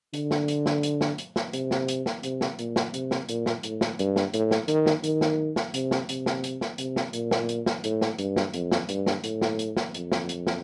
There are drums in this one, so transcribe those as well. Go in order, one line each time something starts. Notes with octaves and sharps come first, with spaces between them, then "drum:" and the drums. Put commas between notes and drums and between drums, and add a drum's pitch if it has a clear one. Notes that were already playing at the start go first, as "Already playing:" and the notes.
D3, drum: hi-hat
drum: snare
drum: hi-hat
drum: snare
drum: hi-hat
drum: snare
drum: hi-hat
drum: snare
C3, drum: hi-hat
drum: snare
drum: hi-hat
drum: snare
C3, drum: hi-hat
drum: snare
A#2, drum: hi-hat
drum: snare
C3, drum: hi-hat
drum: snare
A#2, drum: hi-hat
drum: snare
A2, drum: hi-hat
drum: snare
G2, drum: hi-hat
drum: snare
A2, drum: hi-hat
drum: snare
D#3, drum: hi-hat
drum: snare
D#3, drum: hi-hat
drum: snare
drum: snare
C3, drum: hi-hat
drum: snare
C3, drum: hi-hat
drum: snare
drum: hi-hat
drum: snare
C3, drum: hi-hat
drum: snare
A#2, drum: hi-hat
drum: snare
drum: hi-hat
drum: snare
A2, drum: hi-hat
drum: snare
G2, drum: hi-hat
drum: snare
F2, drum: hi-hat
drum: snare
G2, drum: hi-hat
drum: snare
A2, drum: hi-hat
drum: snare
drum: hi-hat
drum: snare
F2, drum: hi-hat
drum: snare
drum: hi-hat
drum: snare